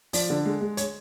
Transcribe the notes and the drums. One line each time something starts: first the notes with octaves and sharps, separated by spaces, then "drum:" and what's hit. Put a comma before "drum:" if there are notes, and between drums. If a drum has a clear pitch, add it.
F3 D5, drum: open hi-hat
D3
G#3
G#3
C#5, drum: hi-hat